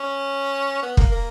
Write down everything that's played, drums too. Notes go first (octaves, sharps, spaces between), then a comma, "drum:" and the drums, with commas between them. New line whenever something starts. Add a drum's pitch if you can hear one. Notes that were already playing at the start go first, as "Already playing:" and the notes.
Already playing: C#4
B3
A#3, drum: kick
A#3